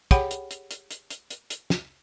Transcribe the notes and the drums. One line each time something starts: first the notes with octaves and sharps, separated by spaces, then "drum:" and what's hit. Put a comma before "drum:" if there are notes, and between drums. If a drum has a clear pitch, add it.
G4 G#4 C#5 F#5 G5 B5, drum: kick, hi-hat
drum: hi-hat
drum: hi-hat
drum: hi-hat
drum: hi-hat
drum: hi-hat
drum: hi-hat
drum: hi-hat
drum: snare